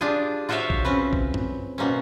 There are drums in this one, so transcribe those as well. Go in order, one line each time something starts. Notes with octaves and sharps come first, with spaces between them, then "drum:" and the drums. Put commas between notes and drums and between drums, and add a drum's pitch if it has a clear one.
D4 F4 G4 G#4 G#5
F4 F#4 C5 C#5 E5 F5
drum: kick A#1
C4 C#4 B4
drum: kick A#1
drum: tom F#2
B2 A#3 C4 C#4